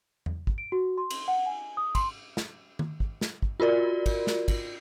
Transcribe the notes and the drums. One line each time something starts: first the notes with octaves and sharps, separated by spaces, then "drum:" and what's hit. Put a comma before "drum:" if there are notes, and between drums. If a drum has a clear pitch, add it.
drum: tom E2
drum: kick
D7
F#4
C6
drum: cymbal
F#5
G#5
D#6
C6, drum: kick, cymbal
drum: snare
drum: tom D#3
drum: kick
drum: snare
drum: kick
F4 F#4 A#4 D5
drum: kick, cymbal
drum: snare
drum: kick, cymbal